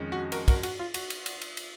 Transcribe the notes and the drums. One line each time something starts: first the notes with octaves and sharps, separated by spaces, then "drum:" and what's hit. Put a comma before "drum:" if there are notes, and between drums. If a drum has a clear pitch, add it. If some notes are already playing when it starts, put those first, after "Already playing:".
Already playing: F2 D#3 G#3 C#4
F#4
F#4 A#4, drum: cymbal
F#4 A#4, drum: kick, cymbal
F#4, drum: cymbal
F4
F#4, drum: cymbal
drum: cymbal
drum: cymbal
drum: cymbal
drum: cymbal